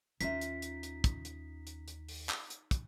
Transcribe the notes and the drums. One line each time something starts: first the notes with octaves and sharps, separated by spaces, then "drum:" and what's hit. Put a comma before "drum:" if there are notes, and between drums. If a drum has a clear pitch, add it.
D#2 D#3 C#4 D#4 F4 E5 B6, drum: hi-hat
drum: hi-hat
drum: hi-hat
drum: hi-hat
drum: kick, hi-hat
drum: hi-hat
drum: hi-hat
drum: hi-hat
drum: open hi-hat
drum: clap
drum: hi-hat
drum: kick, hi-hat